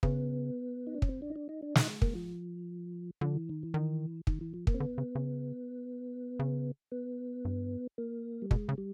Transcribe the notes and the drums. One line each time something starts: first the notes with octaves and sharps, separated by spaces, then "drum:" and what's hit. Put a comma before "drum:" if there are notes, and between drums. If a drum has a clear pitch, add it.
C#3 B3, drum: kick
D#4
D4
C#4, drum: kick
C4
D4
D#4
D4
D#4
D4
D#4, drum: snare
A#3, drum: kick
F3
D3 F3
E3
D#3
E3
D#3
D#3, drum: kick
E3
F3
A#3, drum: kick
C4
D3 B3
C#3
C#3
C#3
B3
G2
A#3
G3
B2 G#3, drum: kick
C#3
G3